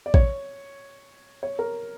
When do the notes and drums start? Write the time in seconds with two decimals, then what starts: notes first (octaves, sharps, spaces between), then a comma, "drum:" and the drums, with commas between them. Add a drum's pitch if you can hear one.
0.06 D5
0.14 C#5, drum: kick A#1
1.43 C#5
1.59 A#4